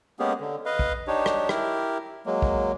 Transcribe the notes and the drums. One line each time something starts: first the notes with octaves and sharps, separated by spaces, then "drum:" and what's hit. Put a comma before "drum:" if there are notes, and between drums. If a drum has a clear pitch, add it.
G#3 A#3 B3 C#4 G4 G#4
D3
B4 D#5 F5
drum: kick
D4 D#4 G4 C#5
drum: rim click
E4 G4 A#4, drum: rim click
F#3 G#3 A#3
drum: kick